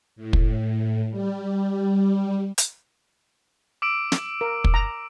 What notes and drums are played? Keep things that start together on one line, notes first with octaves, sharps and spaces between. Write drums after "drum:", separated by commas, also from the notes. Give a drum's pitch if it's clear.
A2
drum: kick
G3
drum: hi-hat
D6 E6 D7
drum: snare
A#4
drum: kick
A#5